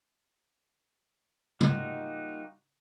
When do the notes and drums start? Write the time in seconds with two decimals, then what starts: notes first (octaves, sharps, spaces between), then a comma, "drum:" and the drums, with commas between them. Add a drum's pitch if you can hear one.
1.60 G3 A#3 D#4 F4 F#4, drum: tom